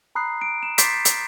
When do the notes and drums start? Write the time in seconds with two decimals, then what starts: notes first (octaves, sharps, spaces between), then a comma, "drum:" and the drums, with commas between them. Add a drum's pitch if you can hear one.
0.15 A#5 B5 D#6 F#6 C7
0.41 D7
0.63 E7
0.78 C6 D6 G6 A6 B6 C7, drum: hi-hat
1.05 drum: hi-hat